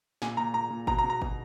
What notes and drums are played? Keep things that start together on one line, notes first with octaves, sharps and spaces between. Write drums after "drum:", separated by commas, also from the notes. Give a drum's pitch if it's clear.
A#2 G#5, drum: snare
A#2 A#5
A#2 A#5
A#2
B2 A#5, drum: kick G1
A#5
B2
A#5
B2, drum: kick G1